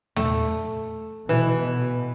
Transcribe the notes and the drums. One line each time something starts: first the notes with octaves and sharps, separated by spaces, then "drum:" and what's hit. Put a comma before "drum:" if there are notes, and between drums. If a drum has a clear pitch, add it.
A3, drum: tom
B2 E3